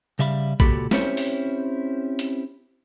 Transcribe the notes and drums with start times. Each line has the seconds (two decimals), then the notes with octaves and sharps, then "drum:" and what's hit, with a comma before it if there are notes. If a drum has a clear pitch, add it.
0.19 C#3 G3 E5 F5 B5
0.60 C#2 A#2 F#4 G4 A4 B5, drum: kick A1
0.91 C4 C#4 E4 G4 C5 C#5, drum: snare
1.17 drum: open hi-hat
2.19 drum: hi-hat